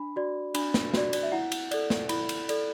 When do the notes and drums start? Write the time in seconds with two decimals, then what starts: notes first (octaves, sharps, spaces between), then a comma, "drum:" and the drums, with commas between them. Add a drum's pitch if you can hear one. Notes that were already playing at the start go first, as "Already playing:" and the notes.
Already playing: D4 B5
0.16 F#4 D5
0.55 D4 B5, drum: cymbal
0.74 drum: snare
0.94 F#4 D5, drum: snare
1.13 D5, drum: cymbal
1.23 E5
1.32 E4 F#5
1.52 drum: cymbal
1.71 A4 D5, drum: cymbal
1.90 drum: snare
2.09 E4 B5, drum: cymbal
2.29 drum: cymbal
2.49 A4 D5, drum: cymbal